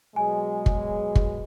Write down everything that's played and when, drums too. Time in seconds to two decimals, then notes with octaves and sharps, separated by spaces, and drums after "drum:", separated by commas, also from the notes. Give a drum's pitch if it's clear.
0.16 B2 F#3 G#3 G#5
0.66 drum: kick
1.15 drum: kick